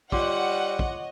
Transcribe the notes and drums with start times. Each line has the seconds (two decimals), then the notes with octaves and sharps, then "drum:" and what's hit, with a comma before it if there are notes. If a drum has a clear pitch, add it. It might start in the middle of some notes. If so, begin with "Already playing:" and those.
0.12 G3 F4 C#5 D#5 F#5 C6 D6, drum: kick
0.79 drum: kick